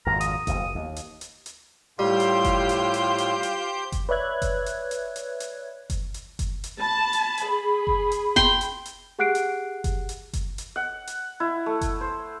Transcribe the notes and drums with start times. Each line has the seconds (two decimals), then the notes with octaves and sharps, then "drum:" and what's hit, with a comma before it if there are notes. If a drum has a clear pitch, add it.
0.06 G#1 F2 A#2 A#5
0.21 D#6, drum: hi-hat
0.47 F#1 D#2, drum: kick F#1, hi-hat
0.75 D#2
0.96 drum: hi-hat
1.21 drum: hi-hat
1.46 drum: hi-hat
1.99 A2 G3 F4 G4 C5 G6
2.20 drum: hi-hat
2.44 drum: kick F#1, hi-hat
2.69 drum: hi-hat
2.94 drum: hi-hat
3.18 drum: hi-hat
3.43 drum: hi-hat
3.92 drum: kick F#1, hi-hat
4.09 B4 C#5 D5 E5 F#6 G#6
4.42 drum: kick F#1, hi-hat
4.66 drum: hi-hat
4.91 drum: hi-hat
5.16 drum: hi-hat
5.40 drum: hi-hat
5.90 drum: kick F#1, hi-hat
6.14 drum: hi-hat
6.39 drum: kick F#1, hi-hat
6.64 drum: hi-hat
6.80 A5 B5
7.13 drum: hi-hat
7.38 drum: hi-hat
7.48 G#4
7.87 drum: kick F#1
8.12 drum: hi-hat
8.36 G5 C6, drum: kick F#1, hi-hat
8.61 drum: hi-hat
8.86 drum: hi-hat
9.19 G4 G#4 F#5 F#6 C7 D7
9.35 drum: hi-hat
9.84 drum: kick F#1, hi-hat
10.09 drum: hi-hat
10.33 drum: kick F#1, hi-hat
10.58 drum: hi-hat
10.76 F#5
11.07 drum: hi-hat
11.40 E4
11.66 A3
11.81 drum: kick F#1, hi-hat
12.01 C5